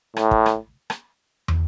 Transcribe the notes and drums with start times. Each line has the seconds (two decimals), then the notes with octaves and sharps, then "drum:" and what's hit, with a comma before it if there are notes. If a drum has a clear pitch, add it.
0.17 A2, drum: rim click
0.31 drum: kick
0.46 drum: rim click
0.90 drum: rim click
1.48 drum: tom